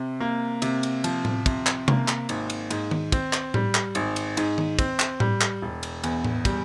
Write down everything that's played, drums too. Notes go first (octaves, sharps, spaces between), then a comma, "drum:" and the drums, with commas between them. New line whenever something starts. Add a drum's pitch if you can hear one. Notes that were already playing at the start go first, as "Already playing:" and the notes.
Already playing: C3
A#3
C3, drum: cymbal
drum: cymbal
F3, drum: cymbal
drum: tom A2
C3, drum: kick, cymbal
drum: clap
A#3, drum: tom C3
drum: clap
G#1, drum: cymbal
drum: cymbal
G#2, drum: cymbal
drum: tom D#3
C4, drum: kick, cymbal
drum: clap
G3, drum: tom A2
drum: clap
G#1, drum: cymbal
drum: cymbal
G#2, drum: cymbal
drum: tom D#3
C4, drum: kick, cymbal
drum: clap
G3, drum: tom A2
drum: clap
E1
drum: cymbal
E2, drum: cymbal
drum: tom A2
G3, drum: kick, cymbal